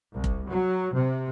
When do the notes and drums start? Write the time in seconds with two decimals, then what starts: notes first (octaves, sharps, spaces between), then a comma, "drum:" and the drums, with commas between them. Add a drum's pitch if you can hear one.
0.12 C2
0.24 drum: kick F1
0.48 F#3
0.92 C3